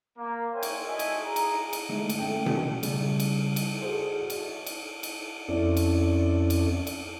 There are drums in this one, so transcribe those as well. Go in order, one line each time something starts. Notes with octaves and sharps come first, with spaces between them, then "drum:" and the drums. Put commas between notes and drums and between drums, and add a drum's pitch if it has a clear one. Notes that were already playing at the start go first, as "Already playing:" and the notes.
A#3
A#4 C5 C#5 E5 G5 G#5
drum: cymbal
A3 F#4 D#5 E5 G#5
drum: cymbal
G#4 A#5
drum: cymbal
drum: cymbal
D3 G#3 A3 D#4
drum: cymbal
A3 C#4 A4 G5
drum: tom B2
C#3 G3, drum: cymbal
drum: cymbal
drum: cymbal
F#4 G#4 A4 C5
drum: cymbal
drum: cymbal
drum: cymbal
F2 C4 C#4 E4 A4 D5
drum: cymbal
drum: cymbal
drum: cymbal